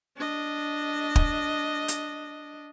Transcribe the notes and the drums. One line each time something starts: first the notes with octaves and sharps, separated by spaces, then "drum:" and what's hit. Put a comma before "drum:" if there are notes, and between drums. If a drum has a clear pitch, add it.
D4 D#5
drum: kick
drum: hi-hat